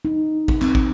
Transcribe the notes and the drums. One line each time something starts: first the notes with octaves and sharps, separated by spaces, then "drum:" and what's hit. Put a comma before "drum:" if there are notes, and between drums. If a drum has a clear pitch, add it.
D#4
drum: kick
C4, drum: clap
drum: kick